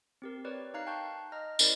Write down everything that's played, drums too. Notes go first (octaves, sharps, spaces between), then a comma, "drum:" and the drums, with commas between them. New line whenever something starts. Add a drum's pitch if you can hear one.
C4 G4 A#4
G4 A#4 B4 C#5 D5
D#4 F5 A#5 F#6 C7
G5 A5 C#6 F#6 G6
D#5 A#5 F6 A#6
C#4 E4 A#4 C5 D5 D#5, drum: tambourine